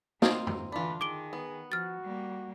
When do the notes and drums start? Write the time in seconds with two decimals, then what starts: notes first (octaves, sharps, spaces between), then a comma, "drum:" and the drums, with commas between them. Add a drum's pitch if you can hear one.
0.22 A#3 C4 D#4 F4, drum: snare
0.47 drum: tom
0.72 D3 E3 D4 F4 B5
1.01 D#3 G#4 D6 D7 G7
1.33 B3
1.72 F3 F#4 F6 A6
2.02 G3 A#3